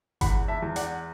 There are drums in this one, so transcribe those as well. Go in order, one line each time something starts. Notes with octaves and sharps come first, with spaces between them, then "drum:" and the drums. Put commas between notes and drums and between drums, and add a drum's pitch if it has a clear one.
E2 F#5 B5, drum: kick G1, hi-hat
E5 A5
E2
D5 F#5, drum: hi-hat